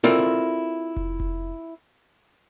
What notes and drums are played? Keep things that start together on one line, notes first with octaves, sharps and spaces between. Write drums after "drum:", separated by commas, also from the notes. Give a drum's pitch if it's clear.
C4 E4 F4 A4 A#4 D5
drum: kick F1
drum: kick F1